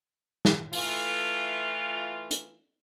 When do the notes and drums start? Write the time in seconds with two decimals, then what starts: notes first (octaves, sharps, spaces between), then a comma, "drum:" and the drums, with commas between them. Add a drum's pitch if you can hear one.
0.45 drum: snare
0.73 E3 A3 F4, drum: open hi-hat
2.31 drum: hi-hat